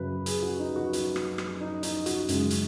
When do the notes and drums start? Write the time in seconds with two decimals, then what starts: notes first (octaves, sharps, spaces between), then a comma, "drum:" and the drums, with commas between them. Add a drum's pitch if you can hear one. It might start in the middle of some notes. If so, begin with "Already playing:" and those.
Already playing: F#2 C#3 F#3 B4
0.26 G#4, drum: hi-hat
0.42 F#4
0.60 D#4
0.76 F#4
0.93 F#4, drum: hi-hat
1.16 drum: rim click
1.38 drum: rim click
1.61 D#4
1.83 D#4, drum: hi-hat
2.06 F#4, drum: hi-hat
2.29 F#2 C#3 G#3, drum: hi-hat
2.50 drum: hi-hat